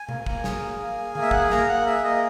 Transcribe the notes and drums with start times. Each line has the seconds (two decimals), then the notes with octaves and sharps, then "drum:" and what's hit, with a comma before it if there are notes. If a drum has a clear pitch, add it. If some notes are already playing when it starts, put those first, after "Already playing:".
Already playing: G#5
0.09 A#3, drum: tom B2
0.26 A#3, drum: kick
0.44 G#4, drum: snare
0.62 A#3
0.80 A#3
0.98 G#4
1.15 A#3, drum: tom D3
1.22 E5
1.31 G#4 F#5, drum: kick
1.41 G#5
1.50 A#3 A#5, drum: snare
1.68 A#3 F#5
1.86 G#4 E5
2.04 A#3 D#5